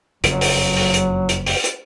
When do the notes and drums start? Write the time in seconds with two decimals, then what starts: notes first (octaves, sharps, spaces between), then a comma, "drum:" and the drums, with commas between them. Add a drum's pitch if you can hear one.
0.24 F#1 F2 C#3 F#3, drum: hi-hat
0.41 drum: open hi-hat
0.76 drum: open hi-hat
0.94 drum: hi-hat
1.29 drum: hi-hat
1.46 drum: open hi-hat
1.64 drum: hi-hat